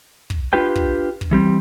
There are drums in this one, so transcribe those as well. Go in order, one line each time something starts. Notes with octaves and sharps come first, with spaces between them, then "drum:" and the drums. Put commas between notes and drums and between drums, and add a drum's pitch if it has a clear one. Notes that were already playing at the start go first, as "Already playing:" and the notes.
drum: kick
D4 F4 G4 B4 G5
drum: kick
drum: kick
E3 G3 C4